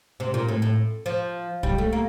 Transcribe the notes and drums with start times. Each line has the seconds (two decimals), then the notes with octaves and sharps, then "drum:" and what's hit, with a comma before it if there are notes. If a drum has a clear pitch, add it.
0.20 C3
0.34 A#2
0.48 A2
0.62 A2
1.06 F3
1.63 G3, drum: kick
1.78 A3
1.93 A#3